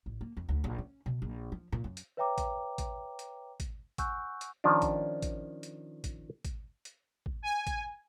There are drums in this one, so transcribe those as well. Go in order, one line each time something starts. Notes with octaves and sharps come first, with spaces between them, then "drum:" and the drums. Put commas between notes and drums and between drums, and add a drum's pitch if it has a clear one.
A1
A#3
F2
D2
A#1
C#4
B2
A#1
F3
A#2
F#2
drum: hi-hat
B4 C#5 E5 G5 A#5 D6
drum: kick, hi-hat
drum: kick, hi-hat
drum: hi-hat
drum: kick, hi-hat
F#5 G#5 C#6 E6 F#6 G6, drum: kick, hi-hat
drum: hi-hat
D#3 F3 C#4 D4
drum: kick, hi-hat
drum: kick, hi-hat
drum: hi-hat
drum: kick, hi-hat
drum: kick, hi-hat
drum: hi-hat
drum: kick
G#5
drum: kick, hi-hat